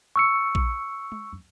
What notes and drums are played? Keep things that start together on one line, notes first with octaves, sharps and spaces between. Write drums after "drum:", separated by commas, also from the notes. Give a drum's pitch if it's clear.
C#6 E6 C#7
drum: kick A#1
drum: tom G#3